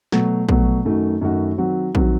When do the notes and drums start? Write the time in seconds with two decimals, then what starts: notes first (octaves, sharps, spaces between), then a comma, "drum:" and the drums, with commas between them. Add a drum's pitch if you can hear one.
0.12 B2 F#3 A3, drum: snare
0.49 B2 F#3 A3, drum: kick A#1
0.85 F#2 D#3 A3 D#4 F#4
1.21 F#2 D#3 A3 D#4 F#4
1.58 D#3 F#3 C4 F#4
1.95 D#3 F#3 C4 F#4, drum: kick A#1